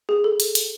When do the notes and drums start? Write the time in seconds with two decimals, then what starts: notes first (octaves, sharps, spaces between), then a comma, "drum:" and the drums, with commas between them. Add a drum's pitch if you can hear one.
0.09 G#4
0.24 A4
0.40 drum: hi-hat
0.55 drum: hi-hat